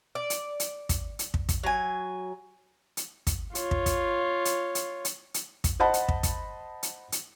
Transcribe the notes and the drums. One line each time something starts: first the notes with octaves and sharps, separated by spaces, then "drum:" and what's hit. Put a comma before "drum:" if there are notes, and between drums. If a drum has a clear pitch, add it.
D5
drum: hi-hat
drum: hi-hat
drum: kick, hi-hat
drum: hi-hat
drum: kick
drum: kick, hi-hat
F#3 G#5
drum: hi-hat
drum: kick, hi-hat
F4 C#5, drum: hi-hat
drum: kick
drum: kick, hi-hat
drum: hi-hat
drum: hi-hat
drum: hi-hat
drum: hi-hat
drum: kick, hi-hat
C5 D#5 F#5 A5 B5
drum: hi-hat
drum: kick
drum: kick, hi-hat
drum: hi-hat
drum: hi-hat